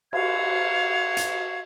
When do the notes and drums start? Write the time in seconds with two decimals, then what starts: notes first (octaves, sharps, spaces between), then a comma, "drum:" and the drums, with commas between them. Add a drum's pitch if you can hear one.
0.13 F#4 F5 G#6, drum: cymbal
1.17 drum: hi-hat